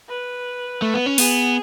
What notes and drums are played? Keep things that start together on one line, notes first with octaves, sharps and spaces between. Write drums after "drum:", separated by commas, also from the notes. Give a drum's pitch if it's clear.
B4
A3
B3
C#4
B3 G#4, drum: open hi-hat